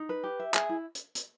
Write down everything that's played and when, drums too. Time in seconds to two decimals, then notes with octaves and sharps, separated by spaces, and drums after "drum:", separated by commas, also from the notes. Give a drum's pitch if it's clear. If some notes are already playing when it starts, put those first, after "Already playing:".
Already playing: D#4
0.09 B4
0.24 G4
0.40 E5
0.54 G#4, drum: clap
0.69 E4
0.95 drum: hi-hat
1.15 drum: hi-hat